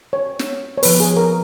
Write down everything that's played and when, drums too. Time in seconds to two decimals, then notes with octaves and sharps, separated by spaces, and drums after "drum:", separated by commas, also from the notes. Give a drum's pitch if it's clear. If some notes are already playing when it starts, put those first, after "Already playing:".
0.13 C#5
0.39 drum: snare
0.78 C#5
0.83 F3 B3 B4, drum: open hi-hat
1.00 G#4
1.17 A#4